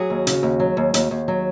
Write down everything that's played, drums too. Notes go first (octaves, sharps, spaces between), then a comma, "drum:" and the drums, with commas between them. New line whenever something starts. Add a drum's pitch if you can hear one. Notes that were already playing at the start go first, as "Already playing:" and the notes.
Already playing: F#3 F#4 G#4
D#2
C#3, drum: hi-hat
D#2
F#3
D#2
D#2, drum: hi-hat
D#2
F#3